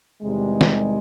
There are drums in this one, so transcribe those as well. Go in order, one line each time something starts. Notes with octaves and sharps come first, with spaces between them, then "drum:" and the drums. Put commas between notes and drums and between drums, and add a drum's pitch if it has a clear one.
E2 C3 D#3 G3 G#3
drum: snare